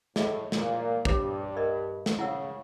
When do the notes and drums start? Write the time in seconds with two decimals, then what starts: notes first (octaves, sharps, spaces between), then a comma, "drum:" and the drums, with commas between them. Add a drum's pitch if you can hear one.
0.16 A2 G#4 D#5 E5, drum: snare
0.52 A#2, drum: snare
1.05 G2 E4 C#5 D6, drum: kick
1.56 A#4 D5 D#5
2.06 drum: snare
2.19 C#3 E4 F#5 E6